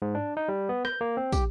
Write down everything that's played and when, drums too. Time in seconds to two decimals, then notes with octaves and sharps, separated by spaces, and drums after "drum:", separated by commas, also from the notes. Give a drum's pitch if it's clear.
0.02 G#2
0.15 D4
0.37 D#4
0.48 G3
0.69 B3
0.85 G6, drum: rim click
1.01 A#3
1.17 C4
1.32 G4, drum: kick, tambourine